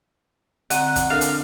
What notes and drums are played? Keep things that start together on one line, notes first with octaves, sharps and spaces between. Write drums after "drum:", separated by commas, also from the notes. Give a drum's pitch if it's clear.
D3 C4 F#5 A#5, drum: hi-hat
drum: kick, hi-hat
D4 A4 A#4 F5
drum: hi-hat